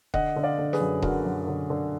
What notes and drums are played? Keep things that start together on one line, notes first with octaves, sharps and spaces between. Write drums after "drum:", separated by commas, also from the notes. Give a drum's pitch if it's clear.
D3 D#5 F#5, drum: kick D#1
D3
D5 F5
D3
G#4 B4, drum: snare
F#2
D3 F#4 A#4, drum: kick D#1
F#2
D3
D3